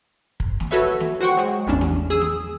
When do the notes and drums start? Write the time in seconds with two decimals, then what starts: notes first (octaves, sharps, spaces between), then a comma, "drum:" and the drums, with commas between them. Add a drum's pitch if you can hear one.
0.40 drum: kick
0.60 drum: snare
0.71 F#4 A4 B4 C#5 E5
1.00 drum: snare
1.21 F#4 C5 F#5 G5 C#6
1.37 F#3 G#3
1.67 A1 E2 C#4 D4
1.81 drum: snare
2.10 G#4 D#6 E6
2.22 drum: snare